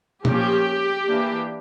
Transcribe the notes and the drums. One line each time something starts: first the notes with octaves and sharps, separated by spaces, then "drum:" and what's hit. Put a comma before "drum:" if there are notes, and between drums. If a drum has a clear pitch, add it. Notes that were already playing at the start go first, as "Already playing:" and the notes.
F3 A#3 C#4 G4, drum: tom A#2
E3 A#3 D4